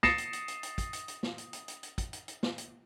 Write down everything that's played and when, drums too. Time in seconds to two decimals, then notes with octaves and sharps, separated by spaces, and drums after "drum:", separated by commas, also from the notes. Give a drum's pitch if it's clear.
0.03 D#6 A6 A#6 C7 C#7 E7, drum: snare
0.18 drum: hi-hat
0.33 drum: hi-hat
0.48 drum: hi-hat
0.63 drum: hi-hat
0.78 drum: kick, hi-hat
0.93 drum: hi-hat
1.08 drum: hi-hat
1.23 drum: snare
1.38 drum: hi-hat
1.53 drum: hi-hat
1.68 drum: hi-hat
1.83 drum: hi-hat
1.98 drum: kick, hi-hat
2.13 drum: hi-hat
2.28 drum: hi-hat
2.43 drum: snare
2.58 drum: hi-hat